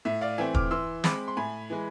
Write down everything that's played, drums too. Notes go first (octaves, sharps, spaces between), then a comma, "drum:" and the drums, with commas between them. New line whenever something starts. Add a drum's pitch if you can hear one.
A2 E5
D5 F5
E3 A3 C4 E5 G#5
D6 F6, drum: kick
E3 C6 E6
G#3 C4 B5 D6, drum: snare
C6
A2 G#5 B5
E3 G#3